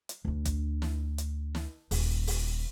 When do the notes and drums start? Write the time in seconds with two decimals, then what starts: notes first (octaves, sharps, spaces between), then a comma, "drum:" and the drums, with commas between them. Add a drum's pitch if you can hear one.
0.09 drum: hi-hat
0.25 D2 D4
0.45 drum: kick, hi-hat
0.82 drum: snare
1.18 drum: hi-hat
1.55 drum: snare
1.91 D#1, drum: open hi-hat
2.27 drum: open hi-hat